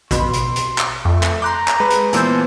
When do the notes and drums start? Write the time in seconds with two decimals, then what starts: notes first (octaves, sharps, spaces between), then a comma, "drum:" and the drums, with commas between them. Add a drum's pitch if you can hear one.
0.11 B2 B5 C6, drum: kick A1, hi-hat
0.33 drum: hi-hat
0.56 drum: hi-hat
0.78 drum: clap
1.05 F2 A3
1.23 drum: clap
1.42 A#5 C6 D6 F#6 G6
1.68 drum: clap
1.80 G#3 B4
1.90 drum: hi-hat
2.13 A#2 E3 B3 C5 A5 E6 G6, drum: hi-hat